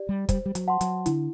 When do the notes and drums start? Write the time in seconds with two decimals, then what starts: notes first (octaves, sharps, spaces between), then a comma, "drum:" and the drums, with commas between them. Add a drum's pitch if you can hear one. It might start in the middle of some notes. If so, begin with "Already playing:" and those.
Already playing: G4 D5
0.09 G3
0.29 G3 C5, drum: kick, hi-hat
0.46 G3
0.55 F#3, drum: hi-hat
0.68 F#5 A5 C6
0.81 F#3, drum: hi-hat
1.06 D3 E4, drum: hi-hat